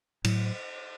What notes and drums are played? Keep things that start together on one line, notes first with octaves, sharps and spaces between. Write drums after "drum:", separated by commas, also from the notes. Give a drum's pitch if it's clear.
A2 F#3, drum: cymbal